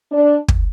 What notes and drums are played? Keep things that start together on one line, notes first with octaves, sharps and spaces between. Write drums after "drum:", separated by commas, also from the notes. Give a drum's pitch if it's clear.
D4
drum: kick